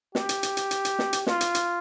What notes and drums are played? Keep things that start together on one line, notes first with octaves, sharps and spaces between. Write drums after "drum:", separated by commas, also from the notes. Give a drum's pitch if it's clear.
G4, drum: snare
drum: hi-hat
drum: hi-hat
drum: hi-hat
drum: hi-hat
drum: hi-hat
drum: snare
drum: hi-hat
F4, drum: snare
drum: hi-hat
drum: hi-hat